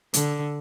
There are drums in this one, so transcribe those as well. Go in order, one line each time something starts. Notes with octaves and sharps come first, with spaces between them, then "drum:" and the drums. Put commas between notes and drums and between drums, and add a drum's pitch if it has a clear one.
D3, drum: hi-hat